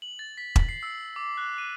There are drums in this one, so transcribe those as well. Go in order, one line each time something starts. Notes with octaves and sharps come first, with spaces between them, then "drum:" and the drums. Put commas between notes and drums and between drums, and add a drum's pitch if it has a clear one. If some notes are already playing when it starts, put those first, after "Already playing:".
F#7
A6
B6
drum: kick E1
C7
E6
D6
F#6
D#7